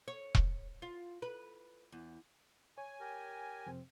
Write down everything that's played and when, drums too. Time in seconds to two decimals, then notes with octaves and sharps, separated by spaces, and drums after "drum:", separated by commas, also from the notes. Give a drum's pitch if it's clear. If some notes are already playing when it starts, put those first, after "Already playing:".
0.08 C#5
0.35 drum: kick E1
0.82 F4
1.22 B4
1.92 E2
2.78 C#5 G#5
3.00 G4 A#4
3.66 F2 C3 C4